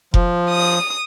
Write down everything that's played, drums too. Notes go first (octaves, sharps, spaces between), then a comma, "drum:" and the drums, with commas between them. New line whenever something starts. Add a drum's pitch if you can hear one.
F3, drum: kick F1
D#6